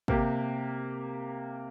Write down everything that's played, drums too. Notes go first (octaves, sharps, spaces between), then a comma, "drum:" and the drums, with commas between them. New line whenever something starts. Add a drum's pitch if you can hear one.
C3 A#3 G4, drum: kick